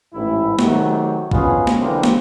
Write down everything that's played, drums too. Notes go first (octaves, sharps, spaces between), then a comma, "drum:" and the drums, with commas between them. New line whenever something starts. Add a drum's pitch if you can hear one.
A1 G#2 E4
C3 D#3 F#3 A3 F#4 G4, drum: snare
A#1 B2 C#4 F4 G#4 B4, drum: kick
drum: snare
D3 E3 F#3 A#3 C4
drum: snare